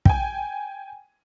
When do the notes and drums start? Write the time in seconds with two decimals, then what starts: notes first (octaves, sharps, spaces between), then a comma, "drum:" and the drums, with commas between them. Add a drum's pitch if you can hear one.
0.05 G5 G#5, drum: kick